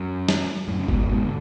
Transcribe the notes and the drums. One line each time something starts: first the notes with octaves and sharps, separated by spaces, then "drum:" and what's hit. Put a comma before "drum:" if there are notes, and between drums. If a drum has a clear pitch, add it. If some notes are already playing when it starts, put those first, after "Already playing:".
Already playing: F#2
drum: snare
F#2 A2
C#3
G#2 B2, drum: kick G1
G#2 B2
D3